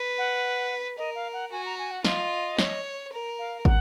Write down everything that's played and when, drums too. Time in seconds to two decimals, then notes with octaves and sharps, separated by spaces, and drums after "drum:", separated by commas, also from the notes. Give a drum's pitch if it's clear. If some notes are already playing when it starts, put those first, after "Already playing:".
Already playing: B4
0.18 F#5
0.98 A#4 D#5
1.15 F5
1.33 F#5
1.52 F#4 G#5
1.66 A#5
1.79 G#5
1.91 F#5
2.05 F4 D#5, drum: snare
2.59 C#5, drum: snare
3.13 A#4
3.39 F5
3.65 F#5, drum: kick